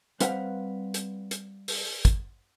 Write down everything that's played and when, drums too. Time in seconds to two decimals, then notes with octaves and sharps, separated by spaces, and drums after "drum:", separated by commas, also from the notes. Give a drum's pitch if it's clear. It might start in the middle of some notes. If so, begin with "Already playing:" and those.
0.20 G3 C4 B4 F5 F#5, drum: hi-hat
0.94 drum: hi-hat
1.31 drum: hi-hat
1.68 drum: open hi-hat
2.05 drum: kick, hi-hat